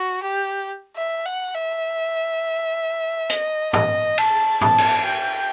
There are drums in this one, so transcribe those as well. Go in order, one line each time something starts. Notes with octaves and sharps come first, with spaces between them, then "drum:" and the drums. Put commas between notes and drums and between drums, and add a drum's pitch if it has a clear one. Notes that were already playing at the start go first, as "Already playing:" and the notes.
Already playing: F#4
G4
E5
F#5
E5
D#5, drum: hi-hat
D#5, drum: tom
A5, drum: cymbal
A5, drum: tom
drum: cymbal
G5